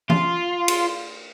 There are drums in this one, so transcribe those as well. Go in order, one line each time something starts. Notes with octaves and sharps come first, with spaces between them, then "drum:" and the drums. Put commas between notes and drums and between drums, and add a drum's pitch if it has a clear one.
F4, drum: tom E3
drum: cymbal